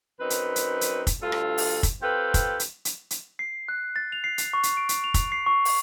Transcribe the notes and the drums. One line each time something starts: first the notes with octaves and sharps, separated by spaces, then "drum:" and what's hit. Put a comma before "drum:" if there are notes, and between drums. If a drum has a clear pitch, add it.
F#2 C4 D#4 B4
drum: hi-hat
drum: hi-hat
drum: hi-hat
drum: kick, hi-hat
D2 G2 F4 A4
drum: rim click
drum: open hi-hat
drum: kick, hi-hat
C4 F4 G4 A4 B4
drum: kick, hi-hat
drum: hi-hat
drum: hi-hat
drum: hi-hat
C7
F#6
A6
F7
C7
drum: hi-hat
C#6
drum: hi-hat
D7
drum: hi-hat
F7
drum: kick, hi-hat
C7
C#6
drum: open hi-hat